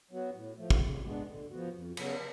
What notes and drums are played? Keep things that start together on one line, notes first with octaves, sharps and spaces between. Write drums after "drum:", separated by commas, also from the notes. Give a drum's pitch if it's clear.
F#3 B3 F#4
A2
F3 A3
drum: kick
C#3
G#3 B3 D4
D3
F3 B3 F#4
F2
C#3 F#3 B3, drum: cymbal